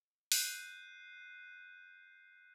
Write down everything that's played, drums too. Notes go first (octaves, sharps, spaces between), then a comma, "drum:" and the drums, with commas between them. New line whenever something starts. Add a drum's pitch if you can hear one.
F#6 G6 C7 D#7, drum: open hi-hat